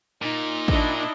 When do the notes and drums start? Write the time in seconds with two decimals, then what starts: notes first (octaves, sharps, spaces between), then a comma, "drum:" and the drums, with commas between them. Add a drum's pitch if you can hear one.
0.22 A#2 D#4
0.68 D4 E4 D#5, drum: kick